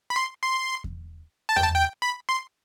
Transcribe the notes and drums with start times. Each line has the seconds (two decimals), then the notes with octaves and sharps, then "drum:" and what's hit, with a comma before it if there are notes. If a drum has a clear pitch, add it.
0.10 B5
0.16 C6
0.43 C6
0.84 drum: kick E2
1.49 A5
1.56 G5, drum: tom E2
1.63 A5
1.76 G5
2.02 B5
2.29 C6